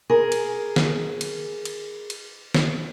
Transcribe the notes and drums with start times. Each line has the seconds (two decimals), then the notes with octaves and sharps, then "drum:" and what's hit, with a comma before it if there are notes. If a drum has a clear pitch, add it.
0.10 G#4 A#4
0.32 drum: cymbal
0.76 drum: snare
1.21 drum: cymbal
1.65 drum: cymbal
2.10 drum: cymbal
2.54 drum: snare